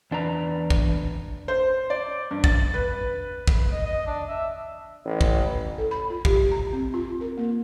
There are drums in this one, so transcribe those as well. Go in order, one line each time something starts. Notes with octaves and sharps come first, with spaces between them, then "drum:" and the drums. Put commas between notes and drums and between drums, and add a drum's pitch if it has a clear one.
E2 D4 B4 A#5
drum: kick
C5
D5
G2
A6, drum: kick
B4
drum: kick
D#5
D#5
D4
E5
A1
drum: kick
A4
B5
F4
G4, drum: kick
A#5
C4
F4
A#4
A#3